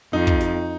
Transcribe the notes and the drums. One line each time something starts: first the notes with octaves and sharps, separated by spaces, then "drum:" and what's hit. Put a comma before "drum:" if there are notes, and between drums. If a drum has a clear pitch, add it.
F2 D#4
drum: kick
drum: snare